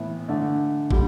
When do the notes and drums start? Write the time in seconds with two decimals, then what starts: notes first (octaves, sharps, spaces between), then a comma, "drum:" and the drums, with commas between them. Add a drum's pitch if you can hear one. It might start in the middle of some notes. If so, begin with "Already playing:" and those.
Already playing: A2 E3 B3
0.28 D3 A3 D4
0.91 D3 G3, drum: kick